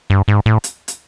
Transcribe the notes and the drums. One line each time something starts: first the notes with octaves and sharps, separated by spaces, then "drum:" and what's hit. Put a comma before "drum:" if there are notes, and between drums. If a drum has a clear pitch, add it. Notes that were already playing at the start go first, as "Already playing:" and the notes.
G2
G#2
A2
drum: hi-hat
drum: hi-hat